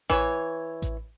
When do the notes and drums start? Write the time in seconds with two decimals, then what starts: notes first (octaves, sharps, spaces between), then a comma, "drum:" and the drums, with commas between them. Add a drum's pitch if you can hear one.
0.10 E3 C#5, drum: kick A1, open hi-hat
0.82 drum: kick A1, hi-hat